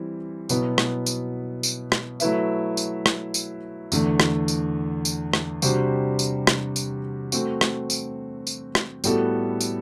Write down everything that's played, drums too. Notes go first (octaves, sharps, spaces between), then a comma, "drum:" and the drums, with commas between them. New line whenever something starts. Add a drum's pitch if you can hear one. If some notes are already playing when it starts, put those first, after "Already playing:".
Already playing: E3 G3 C4 E4
B2 F#3 B3 E4 B4, drum: tambourine
drum: rim click
drum: tambourine
drum: tambourine
drum: rim click
F#3 A3 E4 B4 E5, drum: tambourine
drum: tambourine
drum: rim click
drum: tambourine
E2 D3 A3, drum: tambourine
drum: rim click
drum: tambourine
drum: tambourine
drum: rim click
C3 G3 D4 F#4 C5, drum: tambourine
drum: tambourine
drum: rim click
drum: tambourine
A3 C4 F#4, drum: tambourine
drum: rim click
drum: tambourine
drum: tambourine
drum: rim click
A2 G3 B3 F#4 A4, drum: tambourine
drum: tambourine